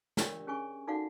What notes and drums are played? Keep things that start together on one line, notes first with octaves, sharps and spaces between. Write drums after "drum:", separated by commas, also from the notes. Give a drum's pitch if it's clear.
D4 G4 A#4 C#5 D5 G5, drum: snare
C#4 G#4 G#5 C#6
D#4 F#4 A4 D5 F5 F#5